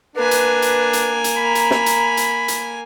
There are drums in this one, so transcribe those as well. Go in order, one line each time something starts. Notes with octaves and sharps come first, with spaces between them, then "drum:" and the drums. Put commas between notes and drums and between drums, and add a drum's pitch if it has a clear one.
A#3 D4 B4 G#5
drum: hi-hat
drum: hi-hat
drum: hi-hat
drum: hi-hat
A#5 B5
drum: hi-hat
drum: snare
drum: hi-hat
drum: hi-hat
drum: hi-hat